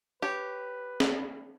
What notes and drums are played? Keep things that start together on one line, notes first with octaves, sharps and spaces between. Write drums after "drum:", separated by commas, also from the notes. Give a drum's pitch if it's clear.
G4 B4 C#5
drum: snare